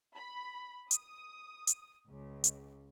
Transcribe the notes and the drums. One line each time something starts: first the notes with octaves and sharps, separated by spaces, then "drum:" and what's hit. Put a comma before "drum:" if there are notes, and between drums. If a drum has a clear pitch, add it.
B5
D#6, drum: hi-hat
drum: hi-hat
C#2
drum: hi-hat